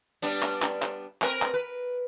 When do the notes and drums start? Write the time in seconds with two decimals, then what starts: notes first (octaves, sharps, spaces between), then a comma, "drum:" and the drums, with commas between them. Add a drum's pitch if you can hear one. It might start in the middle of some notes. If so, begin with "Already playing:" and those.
0.22 G3 B3 D4, drum: hi-hat
0.42 drum: clap
0.62 drum: clap
0.82 drum: clap
1.22 C4 A#4 B4, drum: clap
1.42 drum: clap
1.54 B4